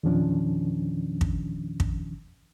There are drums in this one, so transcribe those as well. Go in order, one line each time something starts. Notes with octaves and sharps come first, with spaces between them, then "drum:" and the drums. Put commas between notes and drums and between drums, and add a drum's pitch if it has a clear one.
E2 A#2 D#3 F3 C#4 D4
drum: kick
drum: kick